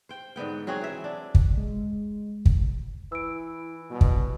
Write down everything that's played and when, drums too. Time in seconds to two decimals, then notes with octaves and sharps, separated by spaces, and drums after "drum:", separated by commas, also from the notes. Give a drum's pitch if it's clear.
0.09 C5 G5
0.36 G#2 D3 B3 G5
0.67 F#3 C4 F#4 G#4
0.81 E3 E5
1.04 D4
1.35 drum: kick
1.57 G#3
2.46 drum: kick
3.12 E3 E4 E6 D7
3.90 B2 G3
4.01 drum: kick